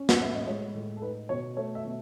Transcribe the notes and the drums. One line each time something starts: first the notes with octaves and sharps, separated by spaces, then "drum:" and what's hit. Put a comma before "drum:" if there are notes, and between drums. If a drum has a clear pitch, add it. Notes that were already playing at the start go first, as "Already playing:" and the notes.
Already playing: C#4
F#5, drum: snare
A2 E5
D#5
G#3 C#5
A2
A4
D#4 B4
B2 C#5
A3 C#5
E5
B2